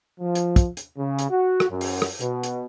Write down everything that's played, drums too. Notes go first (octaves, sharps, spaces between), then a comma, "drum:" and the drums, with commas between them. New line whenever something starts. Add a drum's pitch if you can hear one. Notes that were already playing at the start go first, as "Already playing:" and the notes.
F3
drum: hi-hat
drum: kick, hi-hat
drum: hi-hat
C#3
drum: hi-hat
F#4
drum: rim click
F#2
drum: open hi-hat
drum: rim click
B2, drum: hi-hat
drum: hi-hat